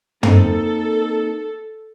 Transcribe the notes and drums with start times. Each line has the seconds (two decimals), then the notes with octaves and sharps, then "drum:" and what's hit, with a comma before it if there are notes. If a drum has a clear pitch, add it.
0.23 A#3 C4 D#4 A4, drum: tom